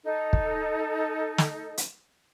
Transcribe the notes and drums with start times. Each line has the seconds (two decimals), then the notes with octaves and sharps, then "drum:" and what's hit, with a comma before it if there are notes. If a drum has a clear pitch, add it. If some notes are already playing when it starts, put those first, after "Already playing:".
0.04 D#4 A4
0.33 drum: kick
1.38 drum: snare
1.78 drum: hi-hat